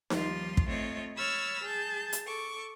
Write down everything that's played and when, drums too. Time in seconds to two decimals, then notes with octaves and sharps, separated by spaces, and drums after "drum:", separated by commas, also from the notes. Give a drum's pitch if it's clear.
0.10 D#2 F3 G3 F4 C6, drum: snare D#4
0.57 drum: kick
0.67 A3 C4 F4 C#5 D#5
1.17 C#5 B5 E6 F6 G#6 A6
1.64 G#4 A5 G6
2.13 drum: hi-hat
2.26 A4 C#6 D6